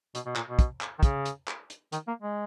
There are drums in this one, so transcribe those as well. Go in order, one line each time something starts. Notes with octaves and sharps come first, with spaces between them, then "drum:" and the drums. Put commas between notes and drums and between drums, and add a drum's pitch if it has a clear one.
B2, drum: hi-hat
B2
A#2, drum: clap
B2
drum: kick, hi-hat
drum: clap
D#3
C#3, drum: kick, hi-hat
drum: hi-hat
drum: clap
drum: hi-hat
D#3, drum: hi-hat
A#3
G#3